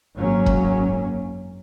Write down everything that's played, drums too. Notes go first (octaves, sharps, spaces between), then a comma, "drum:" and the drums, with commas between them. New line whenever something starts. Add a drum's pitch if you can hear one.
G#1 F#2 F#3 A#3 C#4
drum: kick